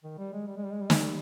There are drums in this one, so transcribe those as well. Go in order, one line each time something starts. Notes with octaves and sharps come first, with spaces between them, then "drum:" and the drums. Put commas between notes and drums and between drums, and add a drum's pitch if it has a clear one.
D#3
G3
G#3
G3
G#3
G3
G#3
G3
G#3, drum: snare
G3